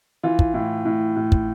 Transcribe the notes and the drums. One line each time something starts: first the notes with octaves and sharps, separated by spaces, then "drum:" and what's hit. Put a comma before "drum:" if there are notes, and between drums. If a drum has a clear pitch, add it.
E3 F4
drum: kick
A2
A2
A2
drum: kick